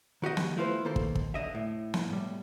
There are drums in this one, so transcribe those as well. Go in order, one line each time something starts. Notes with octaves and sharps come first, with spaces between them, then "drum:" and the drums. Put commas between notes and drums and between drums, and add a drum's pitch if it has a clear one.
D#3 F#4 G4 D#5
drum: snare
A3 E4 F4 B4 C5
D#3 A#3 A4 C5
drum: kick
drum: kick
B1 D3 D#5 E5
A2
drum: snare
A2 G3